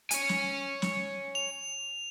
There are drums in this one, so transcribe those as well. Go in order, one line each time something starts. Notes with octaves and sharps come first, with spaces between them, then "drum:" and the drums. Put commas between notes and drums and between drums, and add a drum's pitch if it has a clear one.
C#5 G#5, drum: hi-hat
drum: snare
drum: snare
F7